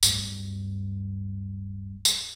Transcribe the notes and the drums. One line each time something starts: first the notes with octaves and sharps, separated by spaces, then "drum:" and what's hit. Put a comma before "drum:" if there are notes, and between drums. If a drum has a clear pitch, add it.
D1 G2, drum: tambourine
drum: tambourine